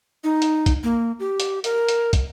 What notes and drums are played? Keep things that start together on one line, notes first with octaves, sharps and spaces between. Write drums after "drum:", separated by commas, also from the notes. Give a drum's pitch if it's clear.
D#4
drum: hi-hat
drum: kick, hi-hat
A#3
G4
drum: hi-hat
A#4, drum: hi-hat
drum: hi-hat
drum: kick, hi-hat